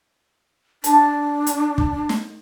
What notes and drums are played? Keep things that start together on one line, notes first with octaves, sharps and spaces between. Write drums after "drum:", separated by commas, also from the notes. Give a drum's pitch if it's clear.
D4 A5, drum: hi-hat
drum: hi-hat
drum: kick
drum: snare